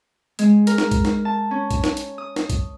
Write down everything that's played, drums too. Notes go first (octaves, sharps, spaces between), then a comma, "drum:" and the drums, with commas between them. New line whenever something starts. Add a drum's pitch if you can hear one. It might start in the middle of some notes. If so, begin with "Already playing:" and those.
G#3, drum: hi-hat
A#4, drum: hi-hat
drum: snare
drum: kick B1, hi-hat
drum: snare
A5
C#4
drum: kick B1, hi-hat
drum: snare
drum: hi-hat
D#6
drum: snare
drum: kick B1, hi-hat